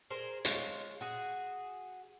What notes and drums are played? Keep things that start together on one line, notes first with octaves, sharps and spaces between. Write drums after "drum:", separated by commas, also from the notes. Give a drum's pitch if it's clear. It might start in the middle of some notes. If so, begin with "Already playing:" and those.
G#4 A#4 C5
G#3 F4 C#5, drum: hi-hat
F#4 G#4